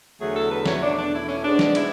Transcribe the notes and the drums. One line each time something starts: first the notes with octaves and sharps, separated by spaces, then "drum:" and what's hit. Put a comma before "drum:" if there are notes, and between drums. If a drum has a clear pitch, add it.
E2 D3 F#3 A3 G#4
A4
B4
C#5, drum: snare
E2 B2 A3 D4
D4
E4
C#4
G#2 G#3 B3 D4
drum: snare
E4, drum: cymbal